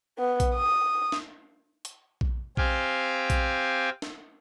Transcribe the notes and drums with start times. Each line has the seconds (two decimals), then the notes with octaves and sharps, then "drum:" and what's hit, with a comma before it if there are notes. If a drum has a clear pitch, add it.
0.18 B3
0.40 drum: kick A#1, hi-hat
0.55 D#6
1.12 drum: snare
1.85 drum: hi-hat
2.21 drum: kick A#1
2.57 C4 G4 F5 G5 G#5, drum: kick A#1
3.30 drum: kick A#1, hi-hat
4.02 drum: snare